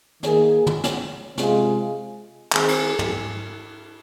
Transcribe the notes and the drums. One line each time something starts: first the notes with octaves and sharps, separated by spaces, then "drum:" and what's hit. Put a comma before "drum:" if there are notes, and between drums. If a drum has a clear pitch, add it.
D#3 A#3 G#4, drum: snare
drum: tom
drum: snare
C3 G#3 F4 G#4, drum: snare
D#3 C4 G#4, drum: clap
drum: cymbal
drum: tom